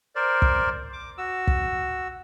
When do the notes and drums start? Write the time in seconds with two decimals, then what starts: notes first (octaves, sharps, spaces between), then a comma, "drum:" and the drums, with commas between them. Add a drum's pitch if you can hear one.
0.15 A#4 C5 D5
0.42 drum: kick
0.93 D6
1.18 F#4 E6
1.47 drum: kick